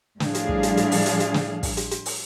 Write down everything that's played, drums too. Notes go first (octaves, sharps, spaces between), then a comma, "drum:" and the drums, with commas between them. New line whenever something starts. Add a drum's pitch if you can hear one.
A2 F3 G3 D4 G#4 F5, drum: snare
drum: hi-hat
drum: kick
drum: hi-hat
drum: hi-hat
drum: open hi-hat
drum: hi-hat
drum: hi-hat
drum: snare
drum: kick, open hi-hat
drum: hi-hat
drum: hi-hat
drum: open hi-hat